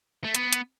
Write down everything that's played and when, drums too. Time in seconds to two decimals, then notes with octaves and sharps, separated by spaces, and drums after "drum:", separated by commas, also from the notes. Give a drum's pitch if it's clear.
0.24 A3
0.35 B3, drum: hi-hat
0.53 drum: hi-hat